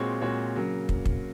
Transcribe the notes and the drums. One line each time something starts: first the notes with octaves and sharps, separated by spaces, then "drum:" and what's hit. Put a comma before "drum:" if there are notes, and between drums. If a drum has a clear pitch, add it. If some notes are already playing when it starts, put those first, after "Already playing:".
Already playing: A#2 G#3 C4 F#4 C#5
A#2 G#3 C4 F#4 C#5
C#3 F#3 A#3
drum: kick
drum: kick